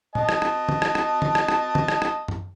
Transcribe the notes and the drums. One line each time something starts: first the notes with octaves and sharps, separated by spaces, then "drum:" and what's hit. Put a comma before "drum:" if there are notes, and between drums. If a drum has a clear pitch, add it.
D#5 A5, drum: tom
drum: rim click
drum: rim click
drum: tom
drum: rim click
drum: rim click
drum: tom
drum: rim click
drum: rim click
drum: tom
drum: rim click
drum: rim click
drum: tom F#2